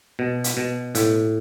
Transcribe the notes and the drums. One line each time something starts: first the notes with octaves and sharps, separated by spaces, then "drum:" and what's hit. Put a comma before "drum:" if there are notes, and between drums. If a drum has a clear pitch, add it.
B2
drum: hi-hat
B2
A2, drum: hi-hat